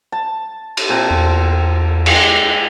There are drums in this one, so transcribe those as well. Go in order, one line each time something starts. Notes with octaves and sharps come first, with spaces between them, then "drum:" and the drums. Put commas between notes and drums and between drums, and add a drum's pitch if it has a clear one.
A5
drum: cymbal
A#2 C4 A4
E2
G#3 G4, drum: cymbal